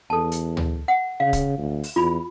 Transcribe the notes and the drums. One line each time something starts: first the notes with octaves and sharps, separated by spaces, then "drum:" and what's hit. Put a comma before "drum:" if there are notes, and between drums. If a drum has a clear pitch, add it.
E2 A4 A5
drum: hi-hat
drum: tom
F#5
C#3 F5
drum: kick C#1, hi-hat
D2
drum: open hi-hat
E2 F4 B5